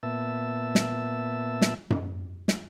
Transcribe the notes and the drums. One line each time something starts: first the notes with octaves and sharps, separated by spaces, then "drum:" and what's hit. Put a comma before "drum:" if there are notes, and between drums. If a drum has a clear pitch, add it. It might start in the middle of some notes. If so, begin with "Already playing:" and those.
A#2 B3 E5 A5 E6
drum: snare
drum: snare
drum: tom F#2
drum: snare